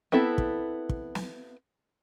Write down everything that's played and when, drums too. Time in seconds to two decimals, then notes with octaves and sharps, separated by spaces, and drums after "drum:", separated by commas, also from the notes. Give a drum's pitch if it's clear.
0.12 B3 C4 E4 A4
0.38 drum: kick
0.89 drum: kick
1.15 drum: snare